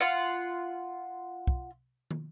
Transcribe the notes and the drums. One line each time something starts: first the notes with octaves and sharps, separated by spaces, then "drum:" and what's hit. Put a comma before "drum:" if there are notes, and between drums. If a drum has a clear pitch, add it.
F4 F#5
drum: kick
drum: tom